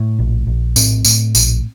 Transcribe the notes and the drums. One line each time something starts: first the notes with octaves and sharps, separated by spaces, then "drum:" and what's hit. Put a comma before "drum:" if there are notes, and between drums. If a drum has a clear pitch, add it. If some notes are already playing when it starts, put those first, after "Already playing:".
Already playing: A2
A#1
A#1
A2 C4, drum: tambourine
A2, drum: tambourine
A#1, drum: tambourine